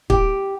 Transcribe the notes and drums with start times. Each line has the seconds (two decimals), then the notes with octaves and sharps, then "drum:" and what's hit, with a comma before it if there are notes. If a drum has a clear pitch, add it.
0.10 G4, drum: kick